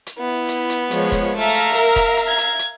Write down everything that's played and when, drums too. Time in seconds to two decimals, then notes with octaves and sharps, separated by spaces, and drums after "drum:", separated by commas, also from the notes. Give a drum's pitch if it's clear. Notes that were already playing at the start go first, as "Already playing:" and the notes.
0.07 drum: hi-hat
0.19 B3 E4
0.49 drum: hi-hat
0.70 drum: hi-hat
0.91 F3 G#3 C#5, drum: hi-hat
1.12 drum: kick F1, hi-hat
1.38 A3 E5 F5 A#5
1.54 drum: hi-hat
1.75 A#4, drum: hi-hat
1.96 drum: kick F1, hi-hat
2.17 drum: hi-hat
2.28 G#6
2.38 drum: hi-hat
2.59 drum: hi-hat